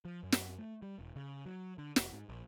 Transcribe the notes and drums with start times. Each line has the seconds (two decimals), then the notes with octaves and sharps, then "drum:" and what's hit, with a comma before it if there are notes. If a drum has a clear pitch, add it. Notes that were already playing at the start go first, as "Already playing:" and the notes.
0.05 F3
0.23 F#2
0.32 drum: snare
0.58 A3
0.82 G3
0.99 E1
1.16 C#3
1.46 F#3
1.78 D3
1.96 F1, drum: snare
2.13 G#2
2.29 A#1